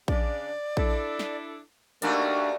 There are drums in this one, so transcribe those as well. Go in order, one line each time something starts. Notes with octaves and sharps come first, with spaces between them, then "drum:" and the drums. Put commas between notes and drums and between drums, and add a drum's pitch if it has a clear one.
C#3 D4 D5, drum: kick A#1
D4 E4 A4, drum: kick A#1
drum: snare
D#2 A3 A#3 D4 F#4 D5, drum: hi-hat